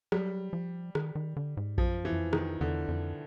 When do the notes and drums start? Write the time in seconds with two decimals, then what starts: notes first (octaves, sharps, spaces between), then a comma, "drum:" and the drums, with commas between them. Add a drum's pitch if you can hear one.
0.12 F#3 G3, drum: rim click
0.53 F3
0.95 D#3, drum: rim click
1.15 D#3
1.37 D3
1.57 G#2
1.78 F#2 F3, drum: kick A#1
2.05 E3
2.12 F#2
2.20 F2
2.33 D#3, drum: rim click
2.61 E2 D3
2.88 F2